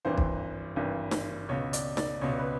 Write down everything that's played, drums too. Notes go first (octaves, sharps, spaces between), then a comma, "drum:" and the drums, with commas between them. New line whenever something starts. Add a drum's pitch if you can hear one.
G#1 G2 E3 C5
drum: kick
G#1 G2 E3
drum: snare
C#2 B2 C#5
D5, drum: hi-hat
D5, drum: snare
C#2 B2 C#5
B4